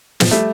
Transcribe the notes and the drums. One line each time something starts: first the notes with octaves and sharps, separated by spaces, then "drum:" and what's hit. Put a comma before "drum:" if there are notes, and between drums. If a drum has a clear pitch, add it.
F3, drum: snare
G3 A3